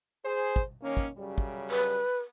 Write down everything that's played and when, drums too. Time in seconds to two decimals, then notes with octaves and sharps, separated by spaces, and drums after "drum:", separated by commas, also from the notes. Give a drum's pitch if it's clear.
0.24 G#4 C5
0.56 drum: kick
0.81 D#3 A#3 C#4
0.97 drum: kick
1.17 F#2 C#3 G3
1.38 drum: kick
1.71 B4